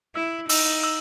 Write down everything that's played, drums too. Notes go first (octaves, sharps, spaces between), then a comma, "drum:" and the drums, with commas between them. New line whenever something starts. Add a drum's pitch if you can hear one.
E4 E6
D#4 E6, drum: open hi-hat
E6